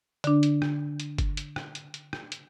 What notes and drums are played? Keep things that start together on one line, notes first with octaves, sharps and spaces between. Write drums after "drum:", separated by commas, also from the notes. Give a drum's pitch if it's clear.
D3 D4, drum: hi-hat
drum: hi-hat
drum: rim click
drum: hi-hat
drum: kick G1, hi-hat
drum: hi-hat
drum: rim click
drum: hi-hat
drum: hi-hat
drum: rim click
drum: hi-hat